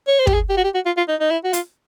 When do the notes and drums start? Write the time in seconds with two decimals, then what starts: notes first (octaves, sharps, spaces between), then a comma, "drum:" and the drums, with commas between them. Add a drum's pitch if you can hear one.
0.08 C#5
0.20 C5
0.27 G4, drum: kick
0.34 G#4
0.49 G4
0.57 F#4
0.64 G4
0.74 F#4
0.86 F4
0.97 F4
1.09 D#4
1.20 D#4
1.31 E4
1.44 F#4
1.53 F4, drum: hi-hat